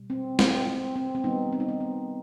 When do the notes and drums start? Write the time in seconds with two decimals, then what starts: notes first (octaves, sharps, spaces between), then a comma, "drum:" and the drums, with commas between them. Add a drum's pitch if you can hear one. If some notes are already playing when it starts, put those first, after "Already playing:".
Already playing: B2 G3
0.10 C4
0.39 C4, drum: snare
0.67 C4
0.95 C4
1.15 C4
1.24 D#3 G3 B3 D#4
1.52 C4
1.60 D#4
1.69 C4
1.80 B3